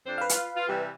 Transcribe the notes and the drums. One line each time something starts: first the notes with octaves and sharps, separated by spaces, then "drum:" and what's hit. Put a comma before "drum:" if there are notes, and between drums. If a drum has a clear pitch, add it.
F2 D4 C5
B4 F5
F4, drum: hi-hat
F4
C3 E3 G3